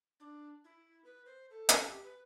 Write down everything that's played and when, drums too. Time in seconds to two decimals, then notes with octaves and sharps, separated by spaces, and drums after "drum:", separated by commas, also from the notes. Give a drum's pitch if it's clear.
0.20 D4
0.65 E4
1.05 B4
1.26 C5
1.50 A4
1.69 drum: hi-hat
1.86 G4
2.04 B4